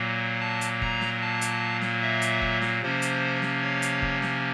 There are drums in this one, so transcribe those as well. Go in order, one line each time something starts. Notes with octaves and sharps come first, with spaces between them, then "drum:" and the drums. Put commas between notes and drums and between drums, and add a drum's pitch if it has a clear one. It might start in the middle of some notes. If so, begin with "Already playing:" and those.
Already playing: A#2 F#3 A#3
A5
drum: hi-hat
A#5, drum: kick
drum: snare
A5
drum: hi-hat
drum: snare
E5
drum: hi-hat
drum: kick
drum: snare
C3 F3 A#3 C#4 C5
drum: hi-hat
drum: snare
C#5
drum: hi-hat
drum: kick
drum: snare